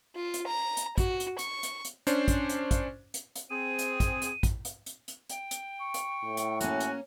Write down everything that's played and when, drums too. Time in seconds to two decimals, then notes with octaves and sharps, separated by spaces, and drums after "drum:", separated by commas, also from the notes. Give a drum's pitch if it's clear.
0.16 F4
0.34 drum: hi-hat
0.47 A#5
0.77 drum: hi-hat
0.98 F#4, drum: kick, hi-hat
1.20 drum: hi-hat
1.39 C#6, drum: hi-hat
1.63 drum: hi-hat
1.85 drum: hi-hat
2.07 C#4 D4 C5, drum: hi-hat
2.28 drum: kick, hi-hat
2.49 drum: hi-hat
2.71 drum: kick, hi-hat
3.14 drum: hi-hat
3.36 drum: hi-hat
3.50 C4 G#4 D#7
3.79 drum: hi-hat
4.00 drum: kick, hi-hat
4.22 drum: hi-hat
4.43 drum: kick, hi-hat
4.65 drum: hi-hat
4.86 drum: hi-hat
5.08 drum: hi-hat
5.29 G5, drum: hi-hat
5.51 drum: hi-hat
5.81 C#6
5.94 drum: hi-hat
6.24 A2
6.37 drum: hi-hat
6.61 A#3 C#4 F#4 G#5, drum: hi-hat
6.80 drum: hi-hat